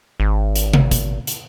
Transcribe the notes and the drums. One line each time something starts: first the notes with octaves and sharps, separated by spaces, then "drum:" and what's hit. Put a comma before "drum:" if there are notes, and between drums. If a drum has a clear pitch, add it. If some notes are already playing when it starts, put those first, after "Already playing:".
G#1
drum: hi-hat
drum: tom C3
drum: kick, hi-hat
drum: hi-hat